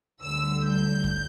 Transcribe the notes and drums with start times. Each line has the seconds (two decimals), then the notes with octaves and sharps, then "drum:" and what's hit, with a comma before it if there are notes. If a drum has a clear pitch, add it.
0.23 D2 D3 G3 E6
0.65 G6
1.04 drum: kick F#2